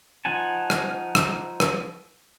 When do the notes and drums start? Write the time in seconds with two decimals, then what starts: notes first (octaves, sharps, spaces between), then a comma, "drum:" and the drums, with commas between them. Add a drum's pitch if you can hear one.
0.25 F3 D#4 F#5 G#5 A5
0.70 drum: rim click
1.15 drum: rim click
1.60 drum: rim click